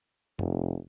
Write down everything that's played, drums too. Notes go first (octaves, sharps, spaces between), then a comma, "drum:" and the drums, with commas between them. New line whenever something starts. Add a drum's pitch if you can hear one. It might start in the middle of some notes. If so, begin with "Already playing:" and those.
F1, drum: tom